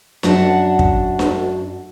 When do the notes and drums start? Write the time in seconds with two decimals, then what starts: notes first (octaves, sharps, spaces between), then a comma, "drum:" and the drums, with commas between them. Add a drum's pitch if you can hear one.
0.23 F#2 D4 F#4 F#5 A5, drum: snare D4
0.79 drum: kick
1.19 drum: snare D4